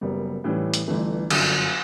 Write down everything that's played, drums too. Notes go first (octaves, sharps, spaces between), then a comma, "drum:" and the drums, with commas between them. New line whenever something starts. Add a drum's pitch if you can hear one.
F#1 F#2 C#3 G3 B3
A2 E3 G3 C#4
drum: hi-hat
G1 G2 E3 A3
G1 F#2 D3 F#3 C#4, drum: cymbal